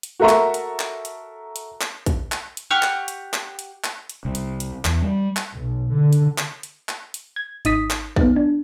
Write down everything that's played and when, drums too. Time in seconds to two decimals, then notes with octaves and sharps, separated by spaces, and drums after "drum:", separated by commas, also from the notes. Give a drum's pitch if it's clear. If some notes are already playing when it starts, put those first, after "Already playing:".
0.03 drum: hi-hat
0.20 F#4 A4 A#4 E5 A#5 C#6
0.29 drum: clap
0.54 drum: hi-hat
0.80 drum: clap
1.05 drum: hi-hat
1.56 drum: hi-hat
1.81 drum: clap
2.06 drum: kick, hi-hat
2.32 drum: clap
2.57 drum: hi-hat
2.70 G4 F#5 C#6 F6
2.83 drum: clap
3.08 drum: hi-hat
3.33 drum: clap
3.59 drum: hi-hat
3.84 drum: clap
4.10 drum: hi-hat
4.25 C2
4.35 drum: hi-hat
4.60 drum: hi-hat
4.85 E2, drum: clap
5.02 G3
5.36 drum: clap
5.55 B1
5.93 D3
6.13 drum: hi-hat
6.38 drum: clap
6.63 drum: hi-hat
6.89 drum: clap
7.14 drum: hi-hat
7.36 G#6
7.65 G#1 D#4 D#6 B6, drum: hi-hat
7.90 drum: clap
8.16 B3 D#4, drum: kick
8.36 D4